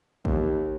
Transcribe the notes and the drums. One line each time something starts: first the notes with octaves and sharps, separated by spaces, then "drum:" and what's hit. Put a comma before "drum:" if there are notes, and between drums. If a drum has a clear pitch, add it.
D#2, drum: kick